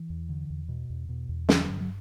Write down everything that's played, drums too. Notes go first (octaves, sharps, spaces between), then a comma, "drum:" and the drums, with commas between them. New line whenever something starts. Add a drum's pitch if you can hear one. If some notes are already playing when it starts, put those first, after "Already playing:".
Already playing: E3
E2
D3
E2
B2
E2
B2
E2
D3 F#3, drum: snare
G2
F#3